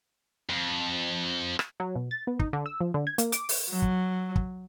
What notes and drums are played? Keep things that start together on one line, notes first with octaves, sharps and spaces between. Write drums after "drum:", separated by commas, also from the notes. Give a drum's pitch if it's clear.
F2
drum: rim click
F#3
B2
A6
B3
D#4, drum: kick
D3
E6
F3
D3
G#6
A#3, drum: hi-hat
D6, drum: hi-hat
drum: open hi-hat
F#3
drum: kick
drum: kick